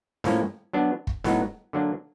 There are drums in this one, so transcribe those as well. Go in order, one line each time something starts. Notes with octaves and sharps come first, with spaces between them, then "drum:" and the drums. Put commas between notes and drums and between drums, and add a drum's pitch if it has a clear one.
A2 F3 A#3 C#4, drum: snare
F#3 B3 D4
drum: kick
A2 F#3 B3 D#4, drum: snare
D3 F#3 A#3 D4